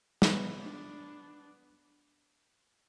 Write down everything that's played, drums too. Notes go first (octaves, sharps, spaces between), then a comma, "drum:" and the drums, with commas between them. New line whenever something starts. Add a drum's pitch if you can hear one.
B3, drum: snare
D4